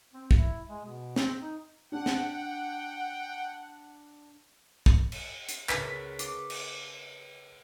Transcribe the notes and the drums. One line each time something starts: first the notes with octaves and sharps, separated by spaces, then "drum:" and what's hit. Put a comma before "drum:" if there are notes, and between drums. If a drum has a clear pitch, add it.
C4
E4, drum: kick
G#3
B2
C4, drum: snare
D#4
D4 F#5 G5
drum: snare
drum: kick
drum: cymbal
drum: hi-hat
C#2 A#4 B4 B6, drum: clap
D6, drum: hi-hat
drum: cymbal